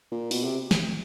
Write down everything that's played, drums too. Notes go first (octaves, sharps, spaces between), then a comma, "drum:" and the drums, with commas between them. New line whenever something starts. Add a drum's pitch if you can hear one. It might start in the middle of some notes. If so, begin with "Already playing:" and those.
A#2
B2, drum: open hi-hat
C3
drum: snare